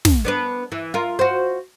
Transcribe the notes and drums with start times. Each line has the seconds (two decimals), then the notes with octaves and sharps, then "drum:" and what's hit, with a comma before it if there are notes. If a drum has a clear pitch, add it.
0.05 drum: snare
0.25 B3 D4 B4
0.72 E3
0.94 F4 A#4
1.19 F#4 C5